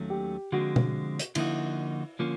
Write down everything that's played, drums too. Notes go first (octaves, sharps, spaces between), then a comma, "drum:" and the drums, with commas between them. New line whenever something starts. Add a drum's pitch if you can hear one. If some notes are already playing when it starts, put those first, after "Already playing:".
Already playing: D#2 D#3 F#3 A3 C#4
G4
D3 F3 G#3 C4 F#4
drum: tom B2
drum: hi-hat
D3 F3 A#3 D#4 E4 F#4, drum: cymbal
D3 F3 A#3 C#4 F4